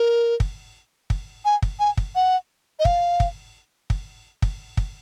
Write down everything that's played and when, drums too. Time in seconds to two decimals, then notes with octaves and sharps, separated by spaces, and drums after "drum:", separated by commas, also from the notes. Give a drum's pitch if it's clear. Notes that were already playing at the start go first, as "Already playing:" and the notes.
Already playing: A#4
0.40 drum: kick
1.10 drum: kick
1.45 G#5
1.62 drum: kick
1.80 G#5
1.97 drum: kick
2.15 F#5
2.79 D#5
2.85 F5, drum: kick
3.20 drum: kick
3.90 drum: kick
4.42 drum: kick
4.77 drum: kick